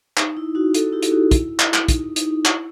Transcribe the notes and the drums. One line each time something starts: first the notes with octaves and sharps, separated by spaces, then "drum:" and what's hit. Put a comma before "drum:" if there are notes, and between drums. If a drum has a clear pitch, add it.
D#4, drum: clap
E4
D#4 F#4
F#4 A4, drum: hi-hat
E4 G4
drum: hi-hat
D#4 F#4
E4, drum: kick, hi-hat
drum: clap
drum: clap
D#4, drum: kick, hi-hat
D#4, drum: hi-hat
E4, drum: clap